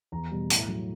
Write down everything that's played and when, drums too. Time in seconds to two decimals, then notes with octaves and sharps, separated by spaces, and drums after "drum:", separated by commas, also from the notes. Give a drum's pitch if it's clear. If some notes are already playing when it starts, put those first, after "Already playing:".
0.12 E2 A#5
0.31 B2 G3
0.50 A2, drum: hi-hat
0.68 F#3